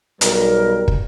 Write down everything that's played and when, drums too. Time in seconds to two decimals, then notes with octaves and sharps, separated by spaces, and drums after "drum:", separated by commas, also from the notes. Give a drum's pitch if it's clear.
0.21 B1 G3 A#4, drum: hi-hat
0.88 drum: kick